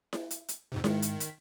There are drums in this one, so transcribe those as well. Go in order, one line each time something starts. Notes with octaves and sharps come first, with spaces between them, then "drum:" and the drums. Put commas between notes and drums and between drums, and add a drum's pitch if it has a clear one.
drum: snare E4
drum: hi-hat
drum: hi-hat
F2 G#2 C3
G#2 D#3 C#7, drum: snare E4
drum: hi-hat
B6, drum: hi-hat